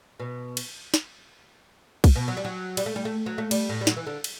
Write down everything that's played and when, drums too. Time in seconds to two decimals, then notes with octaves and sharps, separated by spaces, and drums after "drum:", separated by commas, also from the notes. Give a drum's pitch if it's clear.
0.20 B2
0.57 drum: cymbal
0.94 drum: snare
2.04 drum: kick B1, cymbal
2.16 B2
2.28 F#3
2.37 G3
2.45 F#3
2.77 G3, drum: cymbal
2.86 A3
2.96 G3
3.05 A3
3.26 F#3
3.38 A3
3.51 G3, drum: cymbal
3.69 A2
3.81 G3
3.87 F#3, drum: snare
3.97 E3
4.07 D3
4.24 drum: cymbal